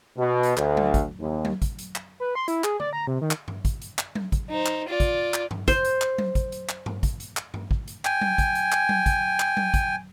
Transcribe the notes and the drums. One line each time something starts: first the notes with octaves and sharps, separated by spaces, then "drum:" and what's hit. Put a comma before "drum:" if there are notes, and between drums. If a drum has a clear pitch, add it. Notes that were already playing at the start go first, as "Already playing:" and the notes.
B2
drum: hi-hat
D2, drum: clap
drum: tom F#3
drum: kick, hi-hat
D#2
drum: tom F#3
drum: kick, hi-hat
drum: hi-hat
drum: clap
B4
C6
E4, drum: hi-hat
G#4, drum: clap
D5, drum: tom D3
A#5
C3
D#3
drum: clap
drum: tom G2
drum: kick, hi-hat
drum: hi-hat
drum: clap
drum: tom F#3
drum: kick, hi-hat
D#4 C5
drum: clap
F4 D5
drum: kick, hi-hat
drum: clap
drum: tom G2
C5, drum: kick, hi-hat
drum: hi-hat
drum: clap
drum: tom F#3
drum: kick, hi-hat
drum: hi-hat
drum: clap
drum: tom G2
drum: kick, hi-hat
drum: hi-hat
drum: clap
drum: tom G2
drum: kick
drum: hi-hat
G5 G#5, drum: clap
drum: tom F#3
drum: kick, hi-hat
drum: hi-hat
drum: clap
drum: tom F#3
drum: kick, hi-hat
drum: clap
drum: tom F#3
drum: kick, hi-hat